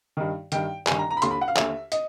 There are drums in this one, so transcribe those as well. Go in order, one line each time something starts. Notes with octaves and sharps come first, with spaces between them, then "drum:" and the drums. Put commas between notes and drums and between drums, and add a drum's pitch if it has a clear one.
G2 D#3
G2 D#3 G5, drum: hi-hat
G2 D#3 G#5, drum: clap
A#5
A#5
B5
D#2 D3 C6, drum: hi-hat
B5
F#5
F5
D#2 D3 E5, drum: clap
D#5, drum: hi-hat